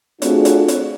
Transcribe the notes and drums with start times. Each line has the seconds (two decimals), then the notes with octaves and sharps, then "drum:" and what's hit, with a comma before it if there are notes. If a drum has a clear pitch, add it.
0.22 A3 C4 D4 F4 F#4 G#4, drum: hi-hat
0.45 drum: hi-hat
0.68 drum: hi-hat